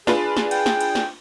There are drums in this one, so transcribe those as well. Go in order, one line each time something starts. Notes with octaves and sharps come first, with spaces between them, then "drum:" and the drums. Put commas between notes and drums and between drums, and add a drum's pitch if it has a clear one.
D4 F4 G#4 B4, drum: snare
drum: snare
G5, drum: cymbal
drum: snare
drum: cymbal
drum: snare